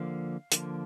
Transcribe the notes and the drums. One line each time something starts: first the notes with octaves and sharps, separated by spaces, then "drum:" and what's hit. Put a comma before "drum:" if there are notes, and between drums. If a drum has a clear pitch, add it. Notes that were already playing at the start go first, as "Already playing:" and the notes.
Already playing: D3 F3 A#3 F5
D3 F3 A#3, drum: hi-hat